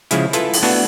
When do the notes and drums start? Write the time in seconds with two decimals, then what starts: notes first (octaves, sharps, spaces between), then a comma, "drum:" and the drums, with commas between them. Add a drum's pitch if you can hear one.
0.11 C#3 F3 G#3 E4, drum: hi-hat
0.33 E4 F4 A4 B4, drum: hi-hat
0.54 drum: open hi-hat
0.63 A3 B3 D4 E4 F#4